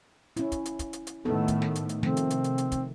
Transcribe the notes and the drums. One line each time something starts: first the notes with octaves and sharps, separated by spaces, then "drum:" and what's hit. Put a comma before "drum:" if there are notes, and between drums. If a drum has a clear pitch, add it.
C#4 E4, drum: hi-hat
drum: kick, hi-hat
drum: hi-hat
drum: kick, hi-hat
drum: hi-hat
drum: hi-hat
A2 D#3 A3 B3 D#4 A4
drum: kick, hi-hat
drum: snare
drum: hi-hat
drum: hi-hat
C3 D#3 F3 A3 C4, drum: snare
drum: hi-hat
drum: hi-hat
drum: hi-hat
drum: hi-hat
drum: kick, hi-hat